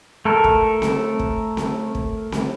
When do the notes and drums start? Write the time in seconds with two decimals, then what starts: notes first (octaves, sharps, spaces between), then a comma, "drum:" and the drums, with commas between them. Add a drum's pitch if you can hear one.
0.25 A3 A4 A#4
0.44 drum: kick
0.82 drum: snare C4
1.19 drum: kick
1.57 drum: snare C4
1.95 drum: kick
2.32 drum: snare C4